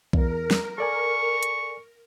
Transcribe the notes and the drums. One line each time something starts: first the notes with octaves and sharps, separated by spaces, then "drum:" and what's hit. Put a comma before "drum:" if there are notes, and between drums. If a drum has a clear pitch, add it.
E2 A#4, drum: kick B1
drum: snare
A4 D5 G#5 C#6
drum: hi-hat